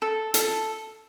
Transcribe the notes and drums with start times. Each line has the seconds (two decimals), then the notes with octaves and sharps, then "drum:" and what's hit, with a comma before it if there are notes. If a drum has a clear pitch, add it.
0.02 A4
0.34 A4, drum: hi-hat